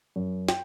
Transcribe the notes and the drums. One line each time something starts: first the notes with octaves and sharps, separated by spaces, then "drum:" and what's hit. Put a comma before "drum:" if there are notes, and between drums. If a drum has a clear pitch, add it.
F#2
G5, drum: snare